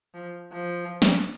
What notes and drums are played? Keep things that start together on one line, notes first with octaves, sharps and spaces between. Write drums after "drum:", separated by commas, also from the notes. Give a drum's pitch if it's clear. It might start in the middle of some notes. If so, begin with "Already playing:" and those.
F3
F3
drum: snare